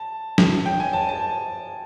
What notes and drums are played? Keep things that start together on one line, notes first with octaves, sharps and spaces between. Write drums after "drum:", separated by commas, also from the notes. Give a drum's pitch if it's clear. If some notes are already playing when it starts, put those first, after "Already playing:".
Already playing: A5
drum: snare
G5
G#5
A5
A5